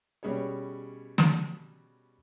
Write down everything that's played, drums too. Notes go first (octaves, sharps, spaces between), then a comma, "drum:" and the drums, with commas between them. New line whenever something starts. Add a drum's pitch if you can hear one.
B2 G3 C#4 G#4 C#5
drum: snare